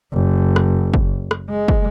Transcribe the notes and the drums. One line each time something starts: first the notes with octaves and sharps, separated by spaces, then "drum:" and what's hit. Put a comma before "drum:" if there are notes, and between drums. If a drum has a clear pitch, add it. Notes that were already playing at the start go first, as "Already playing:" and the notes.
F#1
drum: rim click
drum: kick
drum: rim click
G#3
drum: kick